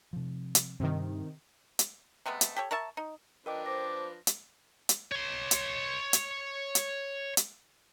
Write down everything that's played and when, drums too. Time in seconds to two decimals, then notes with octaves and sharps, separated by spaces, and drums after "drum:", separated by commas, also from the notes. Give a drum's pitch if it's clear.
0.13 C3 F3
0.55 drum: hi-hat
0.80 G2 C3 D#3
1.79 drum: hi-hat
2.26 C3 G#3 A3 B3
2.41 drum: hi-hat
2.56 G4 A4 C#5
2.71 A#4 C#5 E5 A5
2.97 D#4
3.46 F3 D4 A#4 B4 D#5 G5 D6
3.66 C5 D6 A#6
4.27 drum: hi-hat
4.89 drum: hi-hat
5.12 C#5 C6
5.51 drum: hi-hat
6.13 drum: hi-hat
6.75 drum: hi-hat
7.37 drum: hi-hat